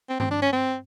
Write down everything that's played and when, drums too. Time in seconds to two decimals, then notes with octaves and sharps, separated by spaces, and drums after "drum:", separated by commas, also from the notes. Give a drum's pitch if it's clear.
0.09 C4
0.20 C4, drum: tom G2
0.31 D4
0.42 C#4
0.53 C4